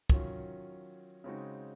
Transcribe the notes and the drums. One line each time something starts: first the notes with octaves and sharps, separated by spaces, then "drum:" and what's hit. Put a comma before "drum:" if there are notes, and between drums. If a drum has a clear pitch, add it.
D#3 F#3 C#4 F4, drum: kick
C#3 G#3 C4 D#4 F#4